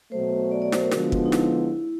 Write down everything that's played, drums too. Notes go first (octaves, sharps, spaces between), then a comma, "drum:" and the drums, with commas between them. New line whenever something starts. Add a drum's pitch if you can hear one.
B2 F#3 A3 C5
D5
D5
C5, drum: snare
A#4
D3 F3 G#3 B3 F#4, drum: snare
drum: kick
D#4
E4, drum: snare